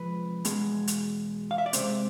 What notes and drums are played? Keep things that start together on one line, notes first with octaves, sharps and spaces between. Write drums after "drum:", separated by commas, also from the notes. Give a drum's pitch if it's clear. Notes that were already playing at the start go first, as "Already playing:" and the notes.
Already playing: C3 F3 G#3 B4
E2 B2 G#3, drum: hi-hat
drum: hi-hat
F5
E5
D5
C3 G#3 C4 C5, drum: hi-hat